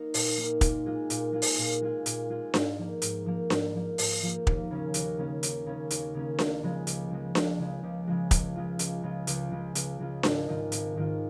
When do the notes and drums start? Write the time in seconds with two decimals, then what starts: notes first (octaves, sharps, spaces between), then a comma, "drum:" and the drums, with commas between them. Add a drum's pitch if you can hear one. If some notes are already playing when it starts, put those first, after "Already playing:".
Already playing: A#3 D#4
0.14 A#2, drum: open hi-hat
0.37 A#3 D#4
0.61 A#2, drum: kick, hi-hat
0.86 G#3 F4 G#4
1.10 A#2, drum: hi-hat
1.32 G#3 F4 G#4
1.42 drum: open hi-hat
1.58 A#2
1.82 G#3 F4 G#4
2.06 A#2, drum: hi-hat
2.30 G#3 F4 G#4
2.54 G#2, drum: snare D4
2.78 F3 A#3
3.02 G#2, drum: hi-hat
3.26 F3 A#3
3.50 G#2, drum: snare D4
3.75 F3 A#3
3.98 G#2, drum: open hi-hat
4.23 F3 A#3
4.47 D#2, drum: kick
4.71 C#3 A#3 C#4
4.94 D#2, drum: hi-hat
5.18 C#3 A#3 C#4
5.43 D#2, drum: hi-hat
5.66 C#3 A#3 C#4
5.90 D#2, drum: hi-hat
6.14 C#3 A#3 C#4
6.39 C#2, drum: snare D4
6.63 C#3 F3 G#3
6.87 C#2, drum: hi-hat
7.11 C#3 F3 G#3
7.35 C#2, drum: snare D4
7.59 C#3 F3 G#3
7.83 C#2
8.07 C#3 F3 G#3
8.31 C#2, drum: kick, hi-hat
8.56 C#3 G#3 F4
8.79 C#2, drum: hi-hat
9.03 C#3 G#3 F4
9.27 C#2, drum: hi-hat
9.51 C#3 G#3 F4
9.75 C#2, drum: hi-hat
10.00 C#3 G#3 F4
10.23 G#1, drum: snare D4
10.47 G#2 D#3 G#3 F4
10.72 G#1, drum: hi-hat
10.96 G#2 D#3 G#3 F4